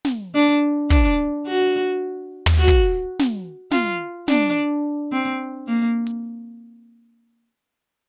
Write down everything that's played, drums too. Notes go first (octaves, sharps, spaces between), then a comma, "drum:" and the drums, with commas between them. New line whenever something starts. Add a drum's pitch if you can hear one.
drum: snare
D4
D4, drum: kick
F#4
drum: tom
F#4
drum: kick
drum: snare
F4, drum: snare
D4, drum: snare
C4
A#3
drum: hi-hat